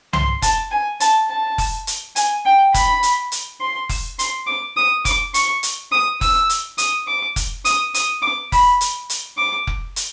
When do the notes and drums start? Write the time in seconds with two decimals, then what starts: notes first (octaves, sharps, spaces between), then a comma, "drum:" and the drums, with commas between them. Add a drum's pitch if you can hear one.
0.13 C6, drum: tom C2
0.42 A5, drum: kick F1, hi-hat
0.71 G#5
1.00 A5, drum: hi-hat
1.29 A5
1.58 drum: kick F1, open hi-hat
1.87 drum: hi-hat
2.16 G#5, drum: hi-hat
2.46 G5
2.74 B5, drum: kick F1, hi-hat
3.03 drum: hi-hat
3.32 drum: hi-hat
3.61 C6
3.89 drum: kick F1, open hi-hat
4.19 C6, drum: hi-hat
4.47 D6
4.77 D#6
5.05 D6, drum: kick F1, hi-hat
5.34 C#6, drum: hi-hat
5.63 drum: hi-hat
5.92 D#6
6.21 E6, drum: kick F1, open hi-hat
6.49 drum: hi-hat
6.78 D#6, drum: hi-hat
7.07 D6
7.36 drum: kick F1, hi-hat
7.65 D#6, drum: hi-hat
7.94 D#6, drum: hi-hat
8.22 D6
8.52 B5, drum: kick F1, open hi-hat
8.81 drum: hi-hat
9.10 drum: hi-hat
9.38 D6
9.67 drum: kick F1
9.96 drum: hi-hat